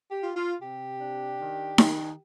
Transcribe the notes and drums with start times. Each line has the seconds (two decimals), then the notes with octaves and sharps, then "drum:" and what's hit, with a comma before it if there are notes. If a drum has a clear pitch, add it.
0.10 G4
0.23 F4
0.36 F4
0.62 C3 G4
1.00 D4
1.39 D#3
1.78 D#3, drum: snare D#4